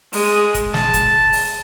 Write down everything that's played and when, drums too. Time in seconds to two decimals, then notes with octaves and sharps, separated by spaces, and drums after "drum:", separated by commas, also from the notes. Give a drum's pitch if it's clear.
0.13 G#3, drum: open hi-hat
0.54 drum: kick, hi-hat
0.74 A5, drum: snare
0.94 drum: kick, hi-hat
1.33 drum: open hi-hat